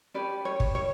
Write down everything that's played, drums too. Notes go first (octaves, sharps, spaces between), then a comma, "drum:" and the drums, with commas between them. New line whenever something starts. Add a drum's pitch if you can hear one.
C#4 G4 B4 D5
C#5
drum: kick
C#5